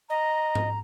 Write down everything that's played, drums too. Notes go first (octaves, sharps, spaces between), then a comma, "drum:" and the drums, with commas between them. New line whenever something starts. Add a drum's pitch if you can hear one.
D#5 A#5
drum: tom G#2